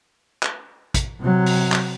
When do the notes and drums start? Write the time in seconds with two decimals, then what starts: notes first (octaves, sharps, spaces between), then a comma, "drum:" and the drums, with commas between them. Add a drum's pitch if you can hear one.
0.43 drum: clap
0.94 drum: kick, hi-hat
1.20 C3 F#3
1.46 drum: open hi-hat
1.72 drum: clap